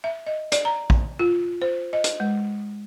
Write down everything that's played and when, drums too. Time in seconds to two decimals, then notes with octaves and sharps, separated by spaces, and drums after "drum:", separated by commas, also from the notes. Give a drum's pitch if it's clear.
0.04 E5
0.26 D#5
0.52 D5, drum: hi-hat
0.65 A#5
0.90 drum: kick
1.19 F4
1.62 C5
1.93 D#5
2.04 drum: hi-hat
2.20 G#3